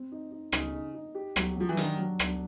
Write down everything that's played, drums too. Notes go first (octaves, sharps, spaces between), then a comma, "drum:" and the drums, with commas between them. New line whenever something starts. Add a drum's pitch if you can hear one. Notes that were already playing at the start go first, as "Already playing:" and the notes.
Already playing: C4
D#4
D#4
C#3 D#4, drum: rim click
D#4
D#4
G4
F#3, drum: rim click
F3 F#3
E3
D#3 D4, drum: hi-hat
F#3
D4, drum: rim click